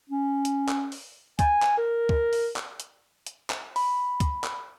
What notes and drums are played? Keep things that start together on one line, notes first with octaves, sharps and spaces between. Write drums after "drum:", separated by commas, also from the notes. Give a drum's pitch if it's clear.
C#4
drum: hi-hat
drum: clap
drum: open hi-hat
G#5, drum: kick, hi-hat
drum: clap
A#4
drum: kick
drum: open hi-hat
drum: clap
drum: hi-hat
drum: hi-hat
drum: clap
B5, drum: open hi-hat
drum: kick, hi-hat
drum: clap